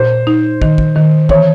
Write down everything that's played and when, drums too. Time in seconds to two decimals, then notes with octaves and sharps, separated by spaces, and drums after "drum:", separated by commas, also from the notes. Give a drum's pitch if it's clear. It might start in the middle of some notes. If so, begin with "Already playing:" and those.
Already playing: A#2 C5
0.27 D#4
0.62 D#3, drum: kick
0.78 drum: kick
0.96 D#3
1.29 E3 C#5, drum: kick